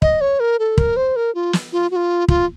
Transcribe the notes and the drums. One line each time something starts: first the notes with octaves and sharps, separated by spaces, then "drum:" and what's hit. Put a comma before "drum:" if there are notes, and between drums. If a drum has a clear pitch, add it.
D#5, drum: kick
C#5
A#4
A4
A#4, drum: kick
C5
A#4
F4
drum: snare
F4
F#4
F4
F4, drum: kick